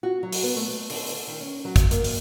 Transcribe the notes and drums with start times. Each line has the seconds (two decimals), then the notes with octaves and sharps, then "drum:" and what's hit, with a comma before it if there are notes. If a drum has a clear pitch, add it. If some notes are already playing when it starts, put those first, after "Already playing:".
0.03 F#4
0.23 F#3
0.33 drum: open hi-hat
0.43 B3
0.56 A3
0.69 A3
0.90 D3, drum: open hi-hat
1.10 A4
1.27 D#3
1.40 C#4
1.65 F#3
1.76 drum: kick A1, hi-hat
1.91 A#3, drum: hi-hat
2.04 drum: open hi-hat